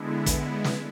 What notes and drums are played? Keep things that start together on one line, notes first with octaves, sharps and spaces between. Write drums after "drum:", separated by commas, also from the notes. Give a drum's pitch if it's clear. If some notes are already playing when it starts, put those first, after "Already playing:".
Already playing: D3 G#3 B3 E4
drum: kick, hi-hat
drum: snare